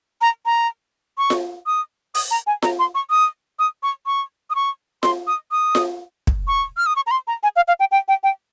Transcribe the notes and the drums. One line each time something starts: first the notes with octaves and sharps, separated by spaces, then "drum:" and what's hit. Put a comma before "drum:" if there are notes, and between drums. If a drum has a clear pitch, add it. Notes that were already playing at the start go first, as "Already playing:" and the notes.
A#5
A#5
C#6
drum: snare F4
D#6
D#6, drum: open hi-hat
A#5
G#5
A#5, drum: snare F4
C6
C#6
D#6
D#6
C#6
C#6
D#6
C#6
C6, drum: snare F4
D#6
D#6
drum: snare F4
drum: kick
C#6
F6
D#6
C#6
A#5
C6
A#5
G#5
F5
F5
G5
G5
G5
G5